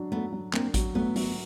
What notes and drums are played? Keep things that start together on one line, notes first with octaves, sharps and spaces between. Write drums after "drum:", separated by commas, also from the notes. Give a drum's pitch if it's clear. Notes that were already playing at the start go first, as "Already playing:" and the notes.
Already playing: F#3 D4
F#3 A3 B3
F#3
A#3 C4 D4, drum: clap
F#3, drum: kick A1, hi-hat
F#3 A3 B3
F#3, drum: open hi-hat